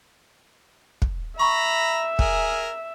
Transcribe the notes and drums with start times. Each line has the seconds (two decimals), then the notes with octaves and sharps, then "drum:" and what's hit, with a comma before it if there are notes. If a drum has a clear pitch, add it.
1.02 drum: kick
1.40 E5 A#5 B5 C#6
2.19 G#4 A#4, drum: kick